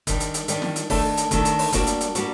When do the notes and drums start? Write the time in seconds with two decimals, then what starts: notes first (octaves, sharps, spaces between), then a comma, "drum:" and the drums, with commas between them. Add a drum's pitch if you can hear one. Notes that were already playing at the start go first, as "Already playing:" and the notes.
0.07 D#3 G3 D4, drum: kick F#1, hi-hat
0.20 drum: hi-hat
0.34 drum: hi-hat
0.48 D#3 G3 D4, drum: hi-hat
0.62 drum: snare
0.76 drum: hi-hat
0.90 D#3 A3 D4 A4, drum: kick F#1, open hi-hat
1.17 drum: hi-hat
1.31 D#3 A3 D4 A4, drum: kick F#1, hi-hat
1.45 drum: hi-hat
1.59 drum: open hi-hat
1.72 G3 A#3 D4 F#4, drum: kick F#1, hi-hat
1.87 drum: hi-hat
2.01 drum: hi-hat
2.15 G3 A#3 D4 F#4, drum: hi-hat